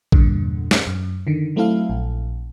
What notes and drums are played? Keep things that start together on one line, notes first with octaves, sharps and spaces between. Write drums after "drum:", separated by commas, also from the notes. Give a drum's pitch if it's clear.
E2 G2 A#2 D3, drum: kick A1
drum: snare
F#2
D3 D#3
F#3 A3 C4 E4 A4 F5
A#1